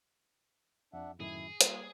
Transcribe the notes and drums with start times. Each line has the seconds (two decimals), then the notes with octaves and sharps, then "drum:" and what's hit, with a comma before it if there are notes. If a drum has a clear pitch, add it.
0.93 F2 D4 E5 F#5
1.20 F#2 A2 D#3 E4 G#4
1.61 G3 A#3 F4, drum: hi-hat